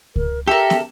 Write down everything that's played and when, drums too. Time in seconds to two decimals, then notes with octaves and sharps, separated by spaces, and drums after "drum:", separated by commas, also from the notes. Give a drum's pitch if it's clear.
0.16 A#4, drum: kick C#2
0.47 G4 A4 A#4 E5
0.70 drum: snare